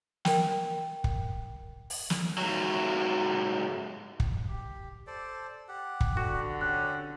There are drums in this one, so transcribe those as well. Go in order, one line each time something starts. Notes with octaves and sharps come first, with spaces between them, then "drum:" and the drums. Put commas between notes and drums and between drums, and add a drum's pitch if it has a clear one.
A#4 G5, drum: snare
drum: kick
drum: open hi-hat
drum: snare
G#2 F#3
drum: kick
G4
A4 C5 D5
G4 F#5
drum: kick
D3 F#4
C#4 G4 F#6